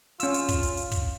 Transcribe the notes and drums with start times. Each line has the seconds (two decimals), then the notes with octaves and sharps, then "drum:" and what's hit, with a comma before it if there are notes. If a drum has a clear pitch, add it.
0.20 C#4 F4 E6, drum: hi-hat
0.34 drum: hi-hat
0.48 drum: kick, hi-hat
0.63 drum: hi-hat
0.77 drum: hi-hat
0.92 drum: kick, hi-hat